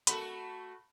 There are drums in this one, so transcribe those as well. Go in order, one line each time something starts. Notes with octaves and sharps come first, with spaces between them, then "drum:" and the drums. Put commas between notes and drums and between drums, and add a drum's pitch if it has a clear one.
A3 F#4 A4 B5, drum: hi-hat